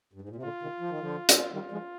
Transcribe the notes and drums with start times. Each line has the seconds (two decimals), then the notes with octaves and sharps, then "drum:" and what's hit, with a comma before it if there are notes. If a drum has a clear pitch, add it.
0.13 G2
0.21 G#2
0.29 A#2
0.36 C3
0.43 A#2 D3 F4
0.62 C3 D#3
0.80 F3
0.89 D#3
1.00 D3 F3
1.29 drum: hi-hat
1.53 D#3 G3 F4
1.71 F3 G#3